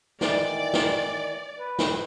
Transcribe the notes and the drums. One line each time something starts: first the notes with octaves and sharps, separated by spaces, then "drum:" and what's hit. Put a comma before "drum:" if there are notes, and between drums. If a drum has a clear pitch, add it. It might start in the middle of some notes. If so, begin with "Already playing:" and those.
D#3 E3 D5, drum: snare
drum: snare
B4
drum: snare